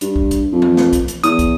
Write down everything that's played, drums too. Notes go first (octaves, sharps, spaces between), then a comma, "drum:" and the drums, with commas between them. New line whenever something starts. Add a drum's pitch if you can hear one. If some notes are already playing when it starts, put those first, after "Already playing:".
G2, drum: hi-hat
drum: kick
drum: kick, hi-hat
F2
drum: tom E3
drum: snare
drum: kick, hi-hat
drum: hi-hat
E2 D#6, drum: hi-hat
drum: kick, hi-hat